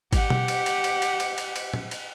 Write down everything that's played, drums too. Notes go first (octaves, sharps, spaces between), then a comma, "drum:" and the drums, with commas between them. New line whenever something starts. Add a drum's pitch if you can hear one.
G4 F#5, drum: kick, cymbal
drum: tom B2
drum: cymbal
drum: cymbal
drum: cymbal
drum: cymbal
drum: cymbal
drum: cymbal
drum: cymbal
drum: tom A#2
drum: cymbal